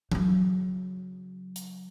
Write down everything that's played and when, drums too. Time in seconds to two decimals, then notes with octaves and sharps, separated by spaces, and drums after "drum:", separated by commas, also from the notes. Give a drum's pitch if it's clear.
0.12 C#3 F#3, drum: tom E3
1.56 drum: hi-hat